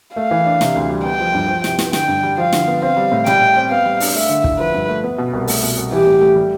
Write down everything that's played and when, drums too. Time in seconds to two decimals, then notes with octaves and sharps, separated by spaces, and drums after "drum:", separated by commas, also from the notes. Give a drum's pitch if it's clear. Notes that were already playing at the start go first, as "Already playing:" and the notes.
0.16 A3 F5
0.31 E3
0.46 D4
0.61 C3, drum: snare
0.75 D2
0.90 G3
1.05 B3 G5
1.20 F3
1.34 G2
1.49 F3
1.64 C3, drum: snare
1.79 B3, drum: snare
1.93 D3 G5, drum: snare
2.08 G2
2.23 G3
2.38 F3 F5
2.53 D3, drum: snare
2.67 B3
2.82 C4 F5
2.97 G3
3.12 A2
3.26 G3 G5, drum: tom A#2
3.41 A2
3.56 C4
3.70 B3 F5
3.85 G3
4.00 D4, drum: open hi-hat
4.15 A3 E5
4.29 D3
4.44 E4, drum: kick
4.59 F3 B4
4.74 G2
4.89 A3
5.04 B3
5.18 B2
5.33 C2
5.48 A3, drum: open hi-hat
5.63 B2
5.77 C2
5.92 E3 G4
6.07 A2
6.21 A3
6.36 G3